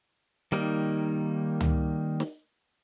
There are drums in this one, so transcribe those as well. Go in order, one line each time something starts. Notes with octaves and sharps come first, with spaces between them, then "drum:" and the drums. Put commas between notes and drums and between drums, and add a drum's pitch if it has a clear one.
D#3 G3 A#3 D#4, drum: snare
drum: tom C#2
drum: snare